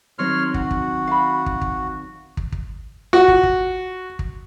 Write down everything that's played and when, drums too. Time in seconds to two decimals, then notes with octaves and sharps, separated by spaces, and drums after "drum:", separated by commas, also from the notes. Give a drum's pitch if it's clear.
0.19 D#3 F#3 C4 C#5 C6 F6
0.54 F#4, drum: kick
0.71 drum: kick
1.07 F5 B5
1.46 drum: kick
1.62 drum: kick
2.37 drum: kick
2.52 drum: kick
3.13 F#4
3.28 drum: kick
3.43 drum: kick
4.19 drum: kick